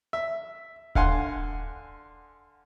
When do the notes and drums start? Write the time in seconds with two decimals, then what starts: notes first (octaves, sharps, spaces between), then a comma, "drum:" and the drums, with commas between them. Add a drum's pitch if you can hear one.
0.13 E5
0.95 D3 F5 F#5 G#5 C6, drum: kick D#1